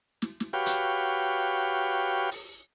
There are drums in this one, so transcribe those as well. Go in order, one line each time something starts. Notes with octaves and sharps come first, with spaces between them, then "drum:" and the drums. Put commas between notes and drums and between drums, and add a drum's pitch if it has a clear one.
drum: snare
drum: snare
F#4 G4 B4 C#5 F5 G5
drum: hi-hat
drum: open hi-hat